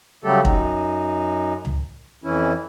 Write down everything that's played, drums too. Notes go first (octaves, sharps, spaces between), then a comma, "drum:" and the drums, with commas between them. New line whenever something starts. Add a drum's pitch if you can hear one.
C#3 F#3 G3 A3 G4 A4
F#2 D#4, drum: kick
drum: tom C#2
F2 E3 C#4 E4